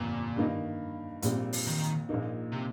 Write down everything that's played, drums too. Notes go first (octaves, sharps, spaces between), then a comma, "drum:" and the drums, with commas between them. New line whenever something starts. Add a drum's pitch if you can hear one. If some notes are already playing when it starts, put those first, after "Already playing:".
Already playing: G1 F2 A#2 C4
G2 D#3 A#3 D#4
A#1 A#2 G3 C4, drum: hi-hat
drum: open hi-hat
D#3
A#1 A#2 A#3 D#4
C3